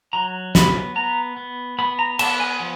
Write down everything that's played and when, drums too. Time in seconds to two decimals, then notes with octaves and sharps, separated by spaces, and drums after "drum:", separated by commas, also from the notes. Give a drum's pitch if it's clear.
0.13 F#3 A#5
0.55 B3 B5, drum: snare
0.95 B3 A#5
1.37 B3
1.79 B3 B5
1.99 A#5
2.19 B3 A5, drum: cymbal
2.40 G#5
2.60 F3